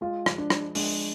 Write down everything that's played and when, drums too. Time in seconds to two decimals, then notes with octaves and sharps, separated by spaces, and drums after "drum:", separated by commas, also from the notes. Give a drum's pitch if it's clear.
0.01 G#3 F4
0.26 F3, drum: rim click
0.38 D4
0.50 G#3, drum: rim click
0.75 G#3 D4, drum: open hi-hat